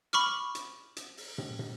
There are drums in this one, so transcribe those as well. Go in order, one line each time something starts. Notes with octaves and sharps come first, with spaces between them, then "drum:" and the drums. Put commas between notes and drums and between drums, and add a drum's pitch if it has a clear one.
B5 C#6 D6 F6, drum: hi-hat
drum: hi-hat
drum: hi-hat
drum: open hi-hat
drum: tom
drum: tom